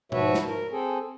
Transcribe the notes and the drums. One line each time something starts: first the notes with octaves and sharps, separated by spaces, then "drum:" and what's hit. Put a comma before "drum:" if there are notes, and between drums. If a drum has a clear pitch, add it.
G#2 F3 F#4 B4 C#5 E5, drum: tom B2
drum: snare
A#4
C4 G#4 A4